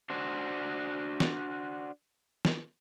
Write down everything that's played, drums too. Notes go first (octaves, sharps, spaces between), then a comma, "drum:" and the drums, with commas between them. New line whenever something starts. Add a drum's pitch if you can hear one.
D4 F#4 C5
drum: snare
drum: snare